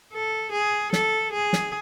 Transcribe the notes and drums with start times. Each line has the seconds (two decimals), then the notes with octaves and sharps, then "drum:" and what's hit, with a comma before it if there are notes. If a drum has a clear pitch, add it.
0.13 A4
0.52 G#4
0.93 A4, drum: snare
1.33 G#4
1.53 drum: snare